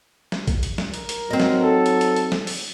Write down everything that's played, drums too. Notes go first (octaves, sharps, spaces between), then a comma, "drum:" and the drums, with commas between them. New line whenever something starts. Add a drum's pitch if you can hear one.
drum: snare
drum: kick, hi-hat
drum: hi-hat
drum: snare
A#4, drum: hi-hat
drum: hi-hat
F#3 C4 D#4
drum: snare
A4
drum: hi-hat
drum: hi-hat
drum: hi-hat
drum: snare
drum: open hi-hat